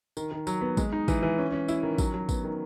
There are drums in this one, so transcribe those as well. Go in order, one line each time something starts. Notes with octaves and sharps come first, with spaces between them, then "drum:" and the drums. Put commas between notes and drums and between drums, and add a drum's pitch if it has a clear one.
D#3, drum: tambourine
D#3
F#3, drum: tambourine
B3
G#3, drum: kick, tambourine
D#4
E3, drum: kick, tambourine
E3
C#4
C#4
E4, drum: tambourine
D#3
F#3, drum: kick, tambourine
F#3
B3, drum: kick, tambourine
D#3